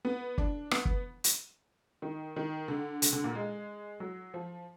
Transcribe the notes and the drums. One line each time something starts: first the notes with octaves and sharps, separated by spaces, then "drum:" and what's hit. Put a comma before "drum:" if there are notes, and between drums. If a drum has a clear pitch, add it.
B3
D4, drum: kick
B3, drum: rim click
drum: kick
drum: hi-hat
D#3
D#3
D3
D3, drum: hi-hat
D3
A#2
G#3
F#3
F3